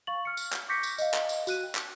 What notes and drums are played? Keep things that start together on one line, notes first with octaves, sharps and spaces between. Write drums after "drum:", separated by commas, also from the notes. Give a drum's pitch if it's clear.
F5 C#6 A6 F#7
F6 C#7
drum: tambourine
drum: clap
C#6 D6 G6 A#6 B6 C#7
drum: tambourine
D#5 F5, drum: tambourine
drum: clap
drum: tambourine
F#4 F#6 D#7, drum: tambourine
G5
drum: clap